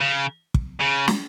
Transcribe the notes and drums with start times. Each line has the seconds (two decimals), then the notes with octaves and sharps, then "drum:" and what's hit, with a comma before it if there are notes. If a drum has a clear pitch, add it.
0.01 C#3
0.54 drum: kick
0.81 C#3
1.08 drum: snare